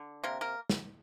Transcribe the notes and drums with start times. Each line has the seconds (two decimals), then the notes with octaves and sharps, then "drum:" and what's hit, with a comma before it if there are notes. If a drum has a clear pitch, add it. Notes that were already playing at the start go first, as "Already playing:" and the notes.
Already playing: D3
0.23 C3 A#3 A#4
0.41 A#3 A#4
0.70 drum: snare